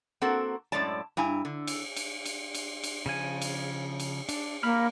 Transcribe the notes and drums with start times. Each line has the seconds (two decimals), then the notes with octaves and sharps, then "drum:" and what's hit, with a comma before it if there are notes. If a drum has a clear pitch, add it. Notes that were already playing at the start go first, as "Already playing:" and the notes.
0.21 A#3 C4 F#4 A4 A#4 F#5
0.72 F#2 A2 G#3 C#5 D5 A5
1.17 G2 E4 G#5 A#5
1.45 D3
1.67 drum: cymbal
1.96 drum: cymbal
2.25 drum: cymbal
2.54 drum: cymbal
2.84 drum: cymbal
3.06 C#3 F3 G#5
3.42 drum: cymbal
4.00 drum: cymbal
4.29 D4, drum: cymbal
4.63 A#3 B5 F6